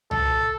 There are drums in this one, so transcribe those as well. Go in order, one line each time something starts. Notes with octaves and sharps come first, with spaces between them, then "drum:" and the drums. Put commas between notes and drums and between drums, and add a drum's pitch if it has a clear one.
A4, drum: tom C2